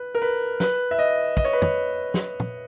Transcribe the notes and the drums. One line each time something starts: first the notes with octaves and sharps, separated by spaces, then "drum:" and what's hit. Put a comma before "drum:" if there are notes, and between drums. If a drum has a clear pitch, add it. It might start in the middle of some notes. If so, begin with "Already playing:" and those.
Already playing: B4
A#4
B4
B4, drum: snare
E5
D#5
D#5, drum: kick
C#5
B4
C#5, drum: tom
drum: snare
drum: tom